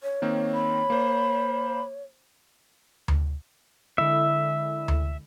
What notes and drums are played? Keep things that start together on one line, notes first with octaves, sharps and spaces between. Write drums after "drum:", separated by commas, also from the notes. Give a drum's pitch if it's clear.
C#5
D#3 A#3 C4
B5
A#3 C5
drum: tom D2
D3 G#3 E4 E5
drum: tom D2